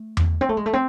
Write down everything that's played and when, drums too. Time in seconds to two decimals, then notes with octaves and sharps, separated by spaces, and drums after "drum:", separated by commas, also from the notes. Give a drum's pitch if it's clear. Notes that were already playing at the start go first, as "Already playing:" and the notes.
Already playing: A3
0.17 drum: tom E2
0.41 C4
0.49 A3
0.57 G#3
0.66 A3
0.73 C4